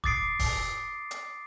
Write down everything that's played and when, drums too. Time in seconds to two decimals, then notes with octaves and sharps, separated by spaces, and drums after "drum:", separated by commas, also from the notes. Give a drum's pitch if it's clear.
0.04 D6 D#6 A6 C7 D7, drum: kick
0.39 drum: kick, open hi-hat
1.11 drum: hi-hat